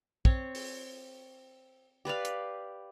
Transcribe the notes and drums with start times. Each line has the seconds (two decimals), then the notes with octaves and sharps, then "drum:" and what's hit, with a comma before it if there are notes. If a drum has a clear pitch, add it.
0.25 C4 C#5, drum: kick
0.55 drum: open hi-hat
2.05 G4 B4 D5 F5
2.25 drum: hi-hat